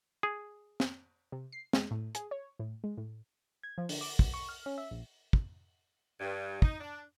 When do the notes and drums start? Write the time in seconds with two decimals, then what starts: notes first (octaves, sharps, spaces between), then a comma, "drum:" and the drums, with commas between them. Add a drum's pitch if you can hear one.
0.23 G#4
0.80 drum: snare
1.32 C3
1.52 C7
1.73 G#3, drum: snare
1.91 A2
2.15 G#4, drum: hi-hat
2.31 C#5
2.59 A2
2.84 G#3
2.98 A2
3.63 G#6
3.78 F3
3.89 D3, drum: open hi-hat
4.01 D6
4.19 B1, drum: kick
4.34 C#6
4.49 F6
4.66 C#4
4.78 E5
4.91 A#1
5.33 drum: kick
6.20 G2
6.62 D#4, drum: kick
6.80 D4